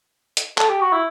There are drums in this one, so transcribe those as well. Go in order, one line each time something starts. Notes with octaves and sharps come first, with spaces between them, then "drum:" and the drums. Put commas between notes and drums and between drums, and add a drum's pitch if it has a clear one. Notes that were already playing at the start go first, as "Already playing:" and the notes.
drum: hi-hat
A4, drum: clap
G4
F#4
E4